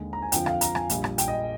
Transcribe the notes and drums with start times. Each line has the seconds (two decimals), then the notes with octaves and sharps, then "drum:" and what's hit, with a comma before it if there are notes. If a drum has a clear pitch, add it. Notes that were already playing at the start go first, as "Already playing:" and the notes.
Already playing: D#2 D3 G#3
0.13 A#5
0.22 G#5
0.32 F2 D3 F3 G5, drum: hi-hat
0.46 F5, drum: rim click
0.61 A#5, drum: hi-hat
0.75 G#5, drum: rim click
0.90 A#1 A#2 G3, drum: hi-hat
1.04 drum: rim click
1.18 G5, drum: hi-hat
1.28 D#5